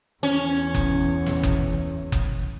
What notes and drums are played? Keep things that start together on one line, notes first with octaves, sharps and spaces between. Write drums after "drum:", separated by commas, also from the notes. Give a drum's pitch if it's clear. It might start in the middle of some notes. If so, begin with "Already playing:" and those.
E2 C#4
drum: kick F#1
drum: snare
drum: kick F#1
drum: kick F#1